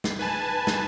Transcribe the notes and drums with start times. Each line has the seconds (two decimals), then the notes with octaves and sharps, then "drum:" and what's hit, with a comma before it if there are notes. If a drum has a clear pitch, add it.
0.04 drum: snare
0.19 B4 G#5 A5
0.67 drum: snare